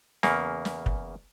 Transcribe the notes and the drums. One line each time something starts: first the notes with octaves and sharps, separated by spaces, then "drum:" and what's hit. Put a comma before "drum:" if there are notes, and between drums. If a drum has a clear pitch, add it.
E2 C#3 A#3, drum: snare
drum: snare
drum: kick